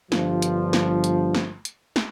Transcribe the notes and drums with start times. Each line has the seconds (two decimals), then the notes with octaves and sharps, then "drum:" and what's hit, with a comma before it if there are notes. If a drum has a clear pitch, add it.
0.12 G1 G2 F3, drum: snare
0.42 drum: hi-hat
0.73 drum: snare
1.04 drum: hi-hat
1.34 drum: snare
1.65 drum: hi-hat
1.96 drum: snare